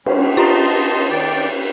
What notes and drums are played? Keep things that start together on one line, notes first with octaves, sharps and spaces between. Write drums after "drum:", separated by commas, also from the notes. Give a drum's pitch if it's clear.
G3 C#4, drum: cymbal
F4 G4 D#5 A5 A#5 C6
D#3 D5 G5